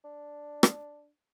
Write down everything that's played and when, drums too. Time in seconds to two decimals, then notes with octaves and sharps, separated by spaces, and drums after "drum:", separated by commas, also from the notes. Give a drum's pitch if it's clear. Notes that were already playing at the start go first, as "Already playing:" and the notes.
0.05 D4
0.63 drum: rim click